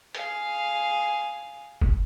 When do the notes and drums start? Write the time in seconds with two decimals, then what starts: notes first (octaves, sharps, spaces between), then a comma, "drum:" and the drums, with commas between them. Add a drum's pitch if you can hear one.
0.15 G#4 F5, drum: hi-hat
1.82 drum: kick F1